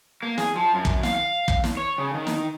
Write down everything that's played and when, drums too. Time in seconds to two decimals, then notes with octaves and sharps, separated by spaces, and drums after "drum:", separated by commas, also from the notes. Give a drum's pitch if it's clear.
0.23 A#3
0.38 G#4, drum: snare
0.56 F3
0.74 F#2
0.85 drum: kick
1.03 F5, drum: snare
1.15 F5
1.48 drum: kick
1.64 drum: snare
1.77 C#5
1.98 C#3
2.14 D#3
2.27 drum: snare